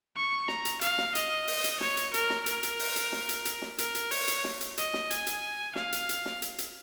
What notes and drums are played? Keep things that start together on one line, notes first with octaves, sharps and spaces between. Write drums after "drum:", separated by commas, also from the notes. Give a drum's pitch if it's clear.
C#6
A#5, drum: snare
drum: hi-hat
F5, drum: hi-hat
drum: snare
D#5, drum: hi-hat
drum: open hi-hat
drum: hi-hat
C#5, drum: snare
drum: hi-hat
A#4, drum: hi-hat
drum: snare
A#4, drum: hi-hat
drum: hi-hat
drum: open hi-hat
drum: hi-hat
drum: snare
drum: hi-hat
drum: hi-hat
drum: snare
A#4, drum: hi-hat
drum: hi-hat
C#5, drum: open hi-hat
drum: hi-hat
drum: snare
drum: hi-hat
D#5, drum: hi-hat
drum: snare
G#5, drum: hi-hat
drum: hi-hat
F5, drum: snare
drum: hi-hat
drum: hi-hat
drum: snare
drum: hi-hat
drum: hi-hat